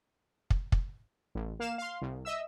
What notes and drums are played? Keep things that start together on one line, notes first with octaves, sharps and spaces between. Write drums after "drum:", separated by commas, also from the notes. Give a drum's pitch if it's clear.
drum: kick
drum: kick
A1
A#3 F5 E7
F5 C6
C2
D#5 E5 E6